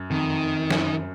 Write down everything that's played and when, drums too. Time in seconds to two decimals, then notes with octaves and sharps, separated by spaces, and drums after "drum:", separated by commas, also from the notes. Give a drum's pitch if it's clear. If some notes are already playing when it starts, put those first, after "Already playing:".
Already playing: F#2
0.10 F2 D#3
0.71 F#2, drum: snare